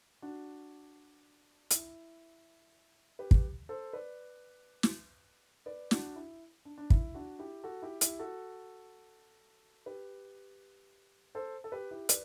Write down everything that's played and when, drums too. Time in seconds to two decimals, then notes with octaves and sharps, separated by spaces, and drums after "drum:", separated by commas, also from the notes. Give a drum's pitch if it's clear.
0.22 D4 F#4
1.70 E4, drum: hi-hat
3.19 G4 B4
3.31 drum: kick
3.69 A4 C5
3.93 B4 D5
4.83 drum: snare
5.66 B4 D5
5.91 D4 F#4, drum: snare
6.16 E4
6.65 D4
6.78 D4
6.90 E4, drum: kick
7.14 D4 F#4
7.39 E4 G4
7.64 F#4 A4
7.82 E4 G4
8.01 E4 G4, drum: hi-hat
8.19 F#4 A4
9.86 G4 B4
11.35 A4 C5
11.64 A4
11.72 G4 B4
11.91 E4 G4
12.09 B4 D5, drum: hi-hat